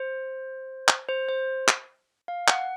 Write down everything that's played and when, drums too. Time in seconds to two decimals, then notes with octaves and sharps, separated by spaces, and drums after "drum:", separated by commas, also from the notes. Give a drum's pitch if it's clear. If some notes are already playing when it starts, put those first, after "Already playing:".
Already playing: C5
0.88 drum: clap
1.09 C5
1.29 C5
1.68 drum: clap
2.28 F5
2.48 F#5, drum: clap